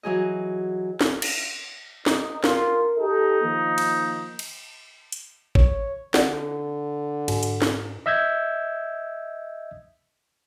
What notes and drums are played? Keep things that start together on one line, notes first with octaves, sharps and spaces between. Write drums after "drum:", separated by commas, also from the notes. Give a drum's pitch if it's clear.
E3 F#3 G#4 D#5
drum: snare
drum: cymbal
D#4, drum: snare
F4 A#4, drum: snare
D#4 G4 A4
D#3 F3 A#3
drum: cymbal
drum: cymbal
drum: hi-hat
C#5, drum: kick
D3 D5 F#5, drum: snare
G#2, drum: cymbal
drum: hi-hat
drum: snare
D#5 E5 E6 G6 G#6